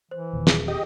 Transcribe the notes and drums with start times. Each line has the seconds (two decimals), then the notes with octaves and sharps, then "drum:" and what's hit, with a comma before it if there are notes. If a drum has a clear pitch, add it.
0.11 E3 C5
0.33 D#1 D#2
0.47 G#4, drum: snare
0.68 G4 D#5